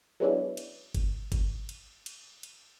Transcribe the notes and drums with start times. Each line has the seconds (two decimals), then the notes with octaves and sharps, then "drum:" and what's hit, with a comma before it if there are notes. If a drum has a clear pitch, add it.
0.20 F#3 G#3 B3 C#4 D4 E4
0.57 drum: cymbal
0.95 drum: kick G1, cymbal
1.32 drum: kick G1, cymbal
1.69 drum: cymbal
2.06 drum: cymbal
2.43 drum: cymbal